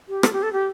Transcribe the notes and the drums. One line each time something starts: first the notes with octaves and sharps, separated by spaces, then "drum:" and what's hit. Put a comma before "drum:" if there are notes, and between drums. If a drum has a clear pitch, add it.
G4
A4, drum: rim click
G4
A4
G4